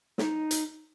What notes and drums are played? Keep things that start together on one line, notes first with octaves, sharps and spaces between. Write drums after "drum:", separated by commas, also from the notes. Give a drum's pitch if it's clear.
D#4, drum: snare
drum: hi-hat